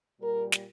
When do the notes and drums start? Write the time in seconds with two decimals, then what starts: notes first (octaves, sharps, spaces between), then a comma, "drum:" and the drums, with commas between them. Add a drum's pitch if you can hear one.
0.20 A#2 G3 A#4
0.52 drum: snare